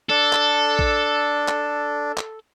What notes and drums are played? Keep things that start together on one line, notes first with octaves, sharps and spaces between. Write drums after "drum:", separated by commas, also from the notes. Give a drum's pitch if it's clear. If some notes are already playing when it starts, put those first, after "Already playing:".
D4 A4
drum: clap
drum: kick A1
drum: clap
drum: clap